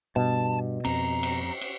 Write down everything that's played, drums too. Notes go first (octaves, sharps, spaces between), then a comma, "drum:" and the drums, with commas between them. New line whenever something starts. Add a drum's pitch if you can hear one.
G2 B2 A5
F2 C4 A#5, drum: cymbal
drum: cymbal
drum: cymbal